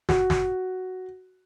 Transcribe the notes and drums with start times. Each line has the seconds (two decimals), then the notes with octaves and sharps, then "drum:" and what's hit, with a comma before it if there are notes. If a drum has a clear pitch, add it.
0.09 F#4, drum: snare
0.30 drum: snare